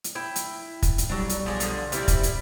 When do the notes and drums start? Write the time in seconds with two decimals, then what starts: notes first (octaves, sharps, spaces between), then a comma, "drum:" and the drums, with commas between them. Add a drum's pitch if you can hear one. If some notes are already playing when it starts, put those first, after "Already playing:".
0.04 drum: hi-hat
0.15 E4 G5
0.36 drum: hi-hat
0.82 drum: kick, hi-hat
0.98 drum: hi-hat
1.10 B1 F#3 G3 D4
1.29 drum: hi-hat
1.46 F3 G#3 D4
1.60 D3 F3, drum: hi-hat
1.92 C3 G3 C4 E4 D5, drum: hi-hat
2.08 drum: kick, hi-hat
2.23 drum: hi-hat